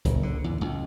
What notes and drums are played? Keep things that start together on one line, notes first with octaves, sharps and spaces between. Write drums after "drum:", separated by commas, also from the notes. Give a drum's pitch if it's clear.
F#1, drum: kick C#2, hi-hat
D3
E2
C#2